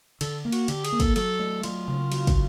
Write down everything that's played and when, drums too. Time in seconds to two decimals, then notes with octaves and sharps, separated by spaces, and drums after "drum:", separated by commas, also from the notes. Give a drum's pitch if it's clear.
0.21 D3 A4, drum: cymbal
0.45 A#3
0.52 F#4, drum: cymbal
0.68 D3 G4, drum: cymbal
0.85 G#4, drum: cymbal
0.92 A#3
1.00 A4, drum: kick, cymbal
1.16 F#3 A4, drum: cymbal
1.39 A3
1.63 F#3 F4, drum: cymbal
1.88 C#3
2.12 F#3, drum: cymbal
2.27 drum: kick, cymbal